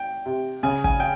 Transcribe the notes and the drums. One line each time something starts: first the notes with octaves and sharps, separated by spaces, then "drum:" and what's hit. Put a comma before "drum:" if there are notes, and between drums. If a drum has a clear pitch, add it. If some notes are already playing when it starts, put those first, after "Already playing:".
Already playing: G5
C3
C#3 G#5
G#5, drum: kick
G5